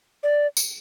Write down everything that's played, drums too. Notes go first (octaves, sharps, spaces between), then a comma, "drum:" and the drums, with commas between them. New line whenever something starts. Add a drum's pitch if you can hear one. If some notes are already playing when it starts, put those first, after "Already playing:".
D5
drum: tambourine